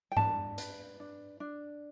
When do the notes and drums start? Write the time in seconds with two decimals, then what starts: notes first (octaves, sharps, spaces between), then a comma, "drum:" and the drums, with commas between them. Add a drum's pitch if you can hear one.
0.12 G5
0.17 D4 A5, drum: tom G#2
0.58 B4, drum: hi-hat
1.00 D4
1.40 D4